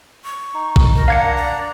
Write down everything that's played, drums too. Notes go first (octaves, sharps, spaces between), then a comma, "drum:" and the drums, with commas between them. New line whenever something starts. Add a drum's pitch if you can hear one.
C#6
D#4
drum: kick A1
A#4
D4 F5 F#5 A#5 G#6 C#7
D5